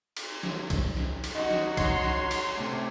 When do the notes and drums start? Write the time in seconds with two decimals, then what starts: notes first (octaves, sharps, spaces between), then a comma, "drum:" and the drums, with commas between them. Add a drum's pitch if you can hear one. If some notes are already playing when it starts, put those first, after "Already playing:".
0.17 drum: cymbal
0.43 drum: snare
0.70 drum: kick, cymbal
0.97 drum: snare
1.24 drum: cymbal
1.35 D#4 F#4
1.51 drum: snare
1.77 C#5 C6, drum: kick, cymbal
2.04 drum: snare
2.31 drum: cymbal
2.54 C3 A3